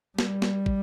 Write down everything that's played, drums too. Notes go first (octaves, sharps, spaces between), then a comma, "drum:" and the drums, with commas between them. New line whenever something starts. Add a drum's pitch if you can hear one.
G3, drum: snare
drum: snare
drum: kick